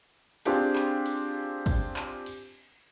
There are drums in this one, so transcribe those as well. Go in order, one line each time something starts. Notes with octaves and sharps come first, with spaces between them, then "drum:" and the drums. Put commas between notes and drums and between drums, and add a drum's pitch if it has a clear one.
C4 D4 F4 G4 G#4, drum: cymbal
drum: clap
drum: cymbal
drum: kick, cymbal
drum: clap
drum: cymbal